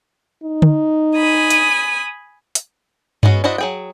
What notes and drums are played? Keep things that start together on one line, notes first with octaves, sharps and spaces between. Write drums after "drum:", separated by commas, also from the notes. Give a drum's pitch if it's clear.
D#4
drum: tom D3
G#5 B5 D#6
drum: hi-hat
drum: hi-hat
G#3 B3 C#4 F#4, drum: tom G2
D4 E4 F#4 C5 D#5
F#3 G#4 G5